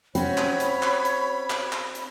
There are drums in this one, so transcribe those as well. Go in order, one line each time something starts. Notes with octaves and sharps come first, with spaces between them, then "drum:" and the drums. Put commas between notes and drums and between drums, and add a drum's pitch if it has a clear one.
C4 C#4 F#4 C#5 B5, drum: hi-hat
drum: clap
drum: hi-hat
drum: clap
drum: hi-hat
drum: clap
drum: clap
drum: hi-hat